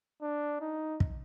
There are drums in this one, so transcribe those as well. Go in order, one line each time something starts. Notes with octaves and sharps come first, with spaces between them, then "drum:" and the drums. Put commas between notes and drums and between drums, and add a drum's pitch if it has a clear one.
D4
D#4
drum: kick